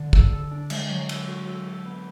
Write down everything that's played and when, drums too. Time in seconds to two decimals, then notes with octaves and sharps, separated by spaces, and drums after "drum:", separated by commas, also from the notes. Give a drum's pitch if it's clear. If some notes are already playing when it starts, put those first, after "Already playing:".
Already playing: D3 D4
0.13 A4, drum: kick
0.33 A4
0.51 D4
0.70 G#3, drum: cymbal
0.90 F#3
1.09 A4, drum: cymbal
1.28 F#4
1.48 A4
1.67 A4
1.85 B3